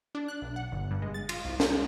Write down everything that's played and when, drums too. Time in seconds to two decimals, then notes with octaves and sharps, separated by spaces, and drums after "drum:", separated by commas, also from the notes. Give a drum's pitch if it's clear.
0.15 D4
0.28 F#6
0.42 B1
0.56 F#5
0.72 G1
0.91 G2
1.02 G#3
1.14 A6
1.29 F4, drum: cymbal
1.45 C2
1.60 G6, drum: snare
1.72 G#3